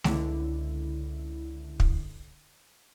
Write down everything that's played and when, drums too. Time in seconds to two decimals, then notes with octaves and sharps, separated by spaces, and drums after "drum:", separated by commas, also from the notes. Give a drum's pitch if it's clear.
0.04 C#2 D3 E4, drum: snare
1.80 drum: kick